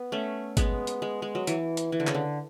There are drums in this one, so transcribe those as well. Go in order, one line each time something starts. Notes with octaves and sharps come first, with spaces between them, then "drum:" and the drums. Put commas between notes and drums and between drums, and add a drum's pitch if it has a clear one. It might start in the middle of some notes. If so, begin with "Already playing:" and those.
Already playing: B3
A3 C#4
G#3 B3, drum: kick G#1, hi-hat
drum: hi-hat
G#3
G#3
F#3
E3, drum: hi-hat
drum: hi-hat
E3
D3
C#3, drum: clap
D3